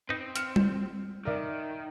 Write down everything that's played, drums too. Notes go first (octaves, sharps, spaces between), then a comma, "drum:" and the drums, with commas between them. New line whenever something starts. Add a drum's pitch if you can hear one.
C4 D#4 B4
F6 C#7 E7, drum: hi-hat
drum: tom G3
D#3 A#4 D5 E5